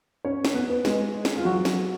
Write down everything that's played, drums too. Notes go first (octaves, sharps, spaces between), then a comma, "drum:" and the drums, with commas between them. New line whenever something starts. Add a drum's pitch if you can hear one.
C#4 C#5
drum: snare
B3 B4
B3 B4
G#3 G#4, drum: snare
drum: snare
F4
F#3 F#4
drum: snare